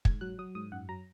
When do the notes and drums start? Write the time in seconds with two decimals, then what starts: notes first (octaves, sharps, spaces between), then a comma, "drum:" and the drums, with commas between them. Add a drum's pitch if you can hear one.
0.05 G#2 G#6, drum: kick
0.21 F#3 F#6
0.39 F#3 D#6
0.55 G#2 D#6
0.72 F#2 F#5
0.89 F#3 A#5